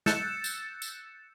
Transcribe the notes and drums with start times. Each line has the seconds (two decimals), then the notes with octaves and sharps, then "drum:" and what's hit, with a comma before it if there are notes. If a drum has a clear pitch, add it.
0.06 E6 F#6 G6 A6 C#7 E7, drum: snare
0.44 drum: tambourine
0.82 drum: tambourine